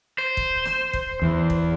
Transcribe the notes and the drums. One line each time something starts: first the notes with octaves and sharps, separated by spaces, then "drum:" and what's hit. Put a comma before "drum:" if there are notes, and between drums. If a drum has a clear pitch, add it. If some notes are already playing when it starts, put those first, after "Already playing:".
C5
drum: kick
drum: snare
drum: kick
E2
drum: kick